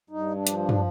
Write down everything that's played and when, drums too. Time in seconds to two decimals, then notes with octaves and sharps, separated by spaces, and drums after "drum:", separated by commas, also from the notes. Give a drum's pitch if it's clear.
0.10 G2 D#4
0.35 D4
0.47 F3, drum: hi-hat
0.59 D4
0.69 drum: tom